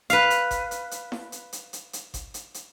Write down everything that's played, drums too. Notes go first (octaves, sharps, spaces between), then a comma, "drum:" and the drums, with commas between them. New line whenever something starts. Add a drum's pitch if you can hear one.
B4 F5, drum: hi-hat
drum: hi-hat
drum: kick G1, hi-hat
drum: hi-hat
drum: hi-hat
drum: snare E4
drum: hi-hat
drum: hi-hat
drum: hi-hat
drum: hi-hat
drum: kick G1, hi-hat
drum: hi-hat
drum: hi-hat